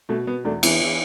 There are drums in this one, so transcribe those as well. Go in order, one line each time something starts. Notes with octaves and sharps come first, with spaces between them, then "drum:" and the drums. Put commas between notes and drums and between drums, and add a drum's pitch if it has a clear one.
B2 A3
B2 B3
E2 A3 D4
E3 B3 E4, drum: cymbal
E3